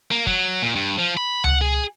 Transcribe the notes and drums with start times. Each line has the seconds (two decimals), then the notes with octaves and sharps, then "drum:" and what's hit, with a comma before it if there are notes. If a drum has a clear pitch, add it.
0.11 A#3
0.27 F#3, drum: kick
0.62 A#2
0.75 G2
0.99 F3
1.17 B5
1.44 F#5, drum: tom C#2
1.62 G#4